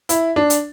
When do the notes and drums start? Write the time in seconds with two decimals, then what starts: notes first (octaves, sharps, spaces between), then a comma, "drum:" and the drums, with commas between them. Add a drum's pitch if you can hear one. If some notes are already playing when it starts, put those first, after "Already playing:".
0.09 E4, drum: hi-hat
0.36 D4
0.50 drum: hi-hat